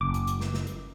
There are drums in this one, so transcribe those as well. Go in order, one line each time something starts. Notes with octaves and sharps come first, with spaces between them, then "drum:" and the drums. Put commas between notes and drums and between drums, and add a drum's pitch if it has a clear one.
F#1 D6
drum: hi-hat
drum: hi-hat
drum: snare
drum: snare
drum: hi-hat